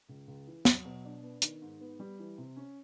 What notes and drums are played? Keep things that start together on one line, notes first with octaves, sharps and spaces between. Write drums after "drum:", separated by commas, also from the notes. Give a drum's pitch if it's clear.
C#2
C#2
E3
F#3, drum: snare
B2
D4
B3
D#3, drum: hi-hat
G#2
B3
G3
E3
C3
C#4